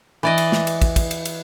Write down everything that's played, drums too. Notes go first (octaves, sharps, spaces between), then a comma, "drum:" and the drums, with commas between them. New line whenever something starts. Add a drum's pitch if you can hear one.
E3 D5 D#5
drum: cymbal
drum: snare
drum: cymbal
drum: kick, cymbal
drum: kick, cymbal
drum: cymbal
drum: cymbal